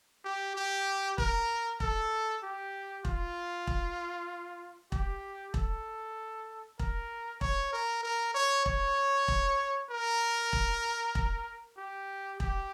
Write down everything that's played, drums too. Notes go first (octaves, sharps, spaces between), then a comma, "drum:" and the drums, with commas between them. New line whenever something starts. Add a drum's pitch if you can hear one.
G4
G4
A#4, drum: kick E1
A4, drum: kick E1
G4
F4, drum: kick E1
drum: kick E1
G4, drum: kick E1
A4, drum: kick E1
A#4, drum: kick E1
C#5, drum: kick E1
A#4
A#4
C#5
C#5, drum: kick E1
drum: kick E1
A#4
drum: kick E1
drum: kick E1
G4
G4, drum: kick E1